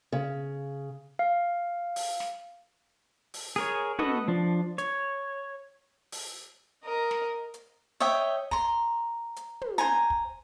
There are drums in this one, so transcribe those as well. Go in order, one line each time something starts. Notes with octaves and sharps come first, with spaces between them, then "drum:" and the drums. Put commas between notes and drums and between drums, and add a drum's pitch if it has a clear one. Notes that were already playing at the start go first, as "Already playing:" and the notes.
C#3
F5
drum: open hi-hat
drum: snare
drum: open hi-hat
G#4 A#4 C#5
F#4 A4 B4 D#5, drum: tom
F3 D4
C#5, drum: hi-hat
drum: open hi-hat
A#4 D#5
drum: snare
drum: hi-hat
C#5 D#5 E5 G5
A#5 C6, drum: kick
drum: hi-hat
drum: tom
C5 G#5 A#5
drum: kick